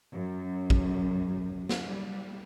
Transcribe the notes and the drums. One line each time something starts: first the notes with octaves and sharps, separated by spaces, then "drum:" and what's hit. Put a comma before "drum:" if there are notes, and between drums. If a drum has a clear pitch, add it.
F#2
drum: kick
drum: snare
G3